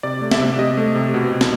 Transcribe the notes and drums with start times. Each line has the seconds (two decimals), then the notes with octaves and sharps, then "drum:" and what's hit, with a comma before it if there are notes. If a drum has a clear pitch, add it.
0.03 C3 D5
0.21 A3
0.31 E5, drum: snare
0.39 C3
0.59 C3 D#5
0.77 A3
0.95 C3
1.14 B2
1.31 B2
1.41 drum: snare